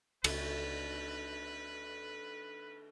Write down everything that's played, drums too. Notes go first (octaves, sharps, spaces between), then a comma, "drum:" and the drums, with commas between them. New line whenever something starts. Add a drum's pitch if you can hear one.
C#2 D3 A3 B4, drum: cymbal